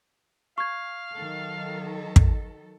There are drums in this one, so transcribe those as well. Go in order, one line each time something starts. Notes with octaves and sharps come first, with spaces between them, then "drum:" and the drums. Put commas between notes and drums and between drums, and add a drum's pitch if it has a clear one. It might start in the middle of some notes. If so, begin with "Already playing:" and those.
F5 C#6 G#6
D#3 F#3 A4
drum: kick